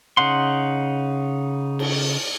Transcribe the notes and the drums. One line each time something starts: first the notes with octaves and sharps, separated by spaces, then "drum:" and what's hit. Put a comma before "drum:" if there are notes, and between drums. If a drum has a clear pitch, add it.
C#3 D#4 F#5 C6
drum: cymbal